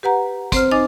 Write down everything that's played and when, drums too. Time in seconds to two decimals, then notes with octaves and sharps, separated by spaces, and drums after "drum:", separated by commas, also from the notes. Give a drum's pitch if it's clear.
0.03 G4 B4 F#5 A#5
0.52 C4 C5 F6, drum: kick, hi-hat
0.71 D#4 D#5 G#5 D6 A6